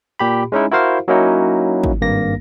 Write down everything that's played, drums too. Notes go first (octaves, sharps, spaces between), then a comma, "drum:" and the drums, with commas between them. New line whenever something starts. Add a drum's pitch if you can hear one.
A#2 G4 B5
G#3 C#4 D#4 E4
E4 F#4 A#4 C5 F5
F#3 A#3 C#4 D#4 E4 F#4
drum: kick
G#1 G2 A#3 A#6